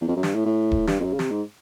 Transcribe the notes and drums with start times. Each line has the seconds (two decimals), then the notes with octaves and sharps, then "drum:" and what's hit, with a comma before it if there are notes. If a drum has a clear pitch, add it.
0.01 E2
0.08 F2
0.16 F#2
0.23 G2, drum: snare
0.34 A2
0.45 A2
0.71 drum: kick D#1
0.87 G2, drum: snare
1.00 F2
1.04 F#2
1.13 C#3
1.19 C3, drum: snare
1.30 G#2